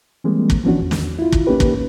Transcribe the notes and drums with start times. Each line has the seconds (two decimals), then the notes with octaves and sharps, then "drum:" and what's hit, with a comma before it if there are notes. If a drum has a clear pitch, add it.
0.24 E3 G3 G#3 A#3 C4
0.50 drum: kick
0.64 E3 F3 B3 C#4 D4 F#4
0.81 E2
0.91 drum: snare
1.19 E4 F4
1.32 drum: kick
1.47 A#3 C#4 D#4 G4 B4
1.60 drum: kick